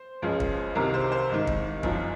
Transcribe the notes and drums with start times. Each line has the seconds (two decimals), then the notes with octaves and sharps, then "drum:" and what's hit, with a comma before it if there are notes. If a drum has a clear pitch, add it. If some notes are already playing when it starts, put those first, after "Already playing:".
Already playing: C5
0.22 C#2 C#3 F3
0.40 drum: kick
0.75 C2 C3 D#3 A#4
0.94 C5
1.12 C5
1.30 G#1 G#2 D#3
1.47 drum: kick
1.83 F#1 F#2 F3, drum: kick